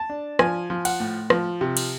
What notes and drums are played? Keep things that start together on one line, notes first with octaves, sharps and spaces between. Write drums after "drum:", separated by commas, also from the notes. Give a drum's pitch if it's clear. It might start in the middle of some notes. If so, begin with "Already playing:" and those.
Already playing: A5
D4
F3 G#5, drum: rim click
F3
F#5, drum: cymbal
A2
F3, drum: rim click
C3
drum: cymbal